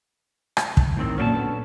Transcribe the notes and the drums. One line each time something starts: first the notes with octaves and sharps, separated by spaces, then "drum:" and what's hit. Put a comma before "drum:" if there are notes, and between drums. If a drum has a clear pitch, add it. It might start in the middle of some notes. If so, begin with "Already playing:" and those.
drum: rim click
drum: kick
A2 D#3 C4
F#2 A#2 C#4 D4 A5
D3 B3